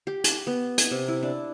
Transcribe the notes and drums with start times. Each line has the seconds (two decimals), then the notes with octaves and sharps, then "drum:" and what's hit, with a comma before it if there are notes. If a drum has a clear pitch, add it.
0.07 G4
0.24 drum: hi-hat
0.47 B3
0.78 drum: hi-hat
0.91 C3
1.08 E4
1.23 D4